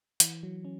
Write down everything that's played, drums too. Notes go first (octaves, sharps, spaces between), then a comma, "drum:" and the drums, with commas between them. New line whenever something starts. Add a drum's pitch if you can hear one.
E3, drum: hi-hat
F#3
C#4